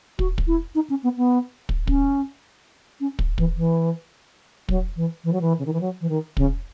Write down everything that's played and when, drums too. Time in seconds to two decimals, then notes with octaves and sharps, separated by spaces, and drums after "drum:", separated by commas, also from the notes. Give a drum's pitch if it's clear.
0.19 F#4, drum: kick
0.38 drum: kick
0.47 E4
0.75 D#4
0.90 C#4
1.03 B3
1.17 B3
1.69 drum: kick
1.87 C#4, drum: kick
3.00 C#4
3.19 drum: kick
3.38 E3, drum: kick
3.56 E3
4.69 F#3, drum: kick
4.96 E3
5.24 E3
5.33 F#3
5.41 E3
5.59 C#3
5.66 D#3
5.73 E3
5.81 F#3
6.01 E3
6.09 D#3
6.37 C#3, drum: kick